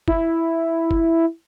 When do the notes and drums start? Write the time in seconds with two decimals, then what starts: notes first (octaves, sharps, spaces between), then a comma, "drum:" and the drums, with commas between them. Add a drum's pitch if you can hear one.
0.08 E4, drum: kick
0.91 drum: kick